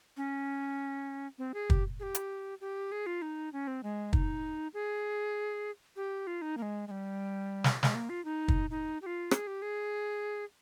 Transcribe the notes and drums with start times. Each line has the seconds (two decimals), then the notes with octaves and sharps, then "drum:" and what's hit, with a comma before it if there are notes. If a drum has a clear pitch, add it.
0.17 C#4
1.38 C4
1.54 G#4
1.70 G4, drum: kick
2.00 G#4
2.03 G4
2.15 drum: hi-hat
2.61 G4
2.92 G#4
3.06 F4
3.22 D#4
3.53 C#4
3.67 C4
3.83 G#3
4.13 D#4, drum: kick
4.74 G#4
5.96 G4
6.27 F4
6.42 D#4
6.57 A#3
6.62 G#3
6.88 G#3
6.91 G3
7.64 drum: snare
7.83 G#3, drum: snare
7.95 A#3
8.09 F4
8.25 D#4
8.48 drum: kick
8.70 D#4
9.02 G4
9.06 F4
9.31 G#4, drum: rim click
9.47 G4
9.62 G#4